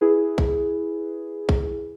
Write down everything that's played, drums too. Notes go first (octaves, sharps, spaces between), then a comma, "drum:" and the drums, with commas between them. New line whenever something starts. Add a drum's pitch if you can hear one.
E4 G#4 B4
drum: kick
drum: kick